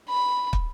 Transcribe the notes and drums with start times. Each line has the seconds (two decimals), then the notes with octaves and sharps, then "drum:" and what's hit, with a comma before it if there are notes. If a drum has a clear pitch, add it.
0.09 B5
0.53 drum: kick